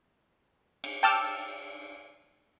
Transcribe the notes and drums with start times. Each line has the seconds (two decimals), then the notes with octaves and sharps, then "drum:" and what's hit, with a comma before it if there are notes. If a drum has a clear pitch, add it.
0.84 drum: cymbal
1.03 G5 A5 D6 E6 F6